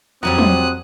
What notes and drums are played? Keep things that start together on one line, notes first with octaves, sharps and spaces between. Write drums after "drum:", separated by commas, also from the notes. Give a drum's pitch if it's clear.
F2 A#2 F#3 G3 C4 F#5 D#6 F#6
drum: tom